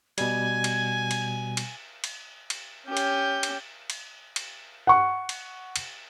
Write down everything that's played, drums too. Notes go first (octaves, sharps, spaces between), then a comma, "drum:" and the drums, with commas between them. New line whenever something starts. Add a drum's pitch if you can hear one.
B2 G3 G#5 G#6, drum: cymbal
drum: cymbal
drum: cymbal
drum: cymbal
drum: cymbal
drum: cymbal
C#4 G4 G6
drum: cymbal
drum: cymbal
drum: cymbal
drum: cymbal
F#5 C#6
drum: cymbal
drum: cymbal